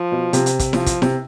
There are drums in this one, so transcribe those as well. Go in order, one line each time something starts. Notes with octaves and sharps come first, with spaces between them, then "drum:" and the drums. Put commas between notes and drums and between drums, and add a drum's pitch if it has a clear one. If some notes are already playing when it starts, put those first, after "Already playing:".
Already playing: F3
B2
C3, drum: hi-hat
drum: hi-hat
drum: kick, hi-hat
F3, drum: snare E4
drum: kick, hi-hat
C3, drum: snare E4